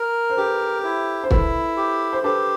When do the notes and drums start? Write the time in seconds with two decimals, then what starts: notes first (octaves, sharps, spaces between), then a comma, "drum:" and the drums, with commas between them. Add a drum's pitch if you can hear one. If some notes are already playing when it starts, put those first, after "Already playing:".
Already playing: A#4
0.30 C5
0.37 G4 A4 B4
0.84 E4
1.24 C5
1.31 E4 A4 B4, drum: kick
1.77 G4
2.13 C5
2.24 G4 A4 B4